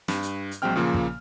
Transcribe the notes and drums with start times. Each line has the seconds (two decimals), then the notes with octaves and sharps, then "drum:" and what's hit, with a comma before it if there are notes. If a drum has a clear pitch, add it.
0.08 G2, drum: snare
0.23 drum: hi-hat
0.51 drum: hi-hat
0.62 A#1 F#3 G#3 C4 G5 F6
0.76 A#2 C#3 F3 A#3
0.94 drum: kick